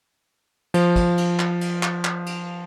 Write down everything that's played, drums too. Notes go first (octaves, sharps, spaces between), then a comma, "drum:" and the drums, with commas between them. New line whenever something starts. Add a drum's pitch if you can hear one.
F3 C5, drum: cymbal
drum: kick, cymbal
drum: cymbal
drum: clap
drum: cymbal
drum: clap
drum: clap
drum: cymbal